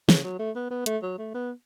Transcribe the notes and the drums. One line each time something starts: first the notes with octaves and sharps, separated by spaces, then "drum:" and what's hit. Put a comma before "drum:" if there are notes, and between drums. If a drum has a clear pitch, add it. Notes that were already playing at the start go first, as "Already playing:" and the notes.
C#3, drum: snare
F#3
A3
B3
B3
A3, drum: hi-hat
F#3
A3
B3